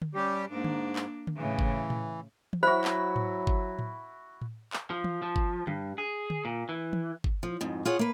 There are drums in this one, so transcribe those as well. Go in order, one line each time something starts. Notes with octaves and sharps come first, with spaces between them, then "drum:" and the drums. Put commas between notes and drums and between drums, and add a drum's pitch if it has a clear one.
drum: tom D3
G3 C#4 G4
G#2 A#3 D4
drum: tom D3
drum: clap
drum: tom D3
A2 C#3 E3
drum: kick G1
drum: tom A2
drum: tom E3
F#3 E4 F#4 C5 B5
drum: clap
drum: tom G#2
drum: kick G1
drum: tom A2
drum: tom A2
drum: clap
F3
drum: tom E3
F3
drum: kick G1
G2, drum: tom D3
G#4
drum: tom D3
A#2
E3
drum: tom E3
drum: kick G1
F3
F2 G#2
F4 G#4 C#5 F#5
A#3 B4